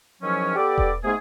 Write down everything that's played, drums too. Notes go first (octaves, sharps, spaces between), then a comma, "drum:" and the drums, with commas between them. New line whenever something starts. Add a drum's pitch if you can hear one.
E2 D#3 F3 F#3 C#4
B3 G4 A4 B4 D5
drum: kick E1
G#2 C3 A3 B3 G#4